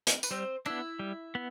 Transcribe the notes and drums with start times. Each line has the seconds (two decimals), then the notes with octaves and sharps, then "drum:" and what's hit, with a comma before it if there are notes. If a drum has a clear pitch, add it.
0.07 drum: hi-hat
0.23 B4, drum: tambourine
0.31 G3 C4 C5
0.66 B3 D4 E4 E5
0.99 G3
1.35 B3